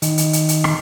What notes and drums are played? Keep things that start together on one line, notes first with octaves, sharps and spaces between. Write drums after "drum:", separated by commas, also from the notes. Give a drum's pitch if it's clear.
D#3, drum: hi-hat
drum: hi-hat
drum: hi-hat
drum: hi-hat
drum: rim click